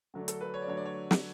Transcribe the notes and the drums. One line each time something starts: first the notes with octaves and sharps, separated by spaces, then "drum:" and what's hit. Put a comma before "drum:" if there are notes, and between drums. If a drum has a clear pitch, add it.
D3 F#3 A3 D4
A4, drum: hi-hat
B4
C#5
D5
D3 F#3 A3 D4 C#5
D5
C#5
drum: snare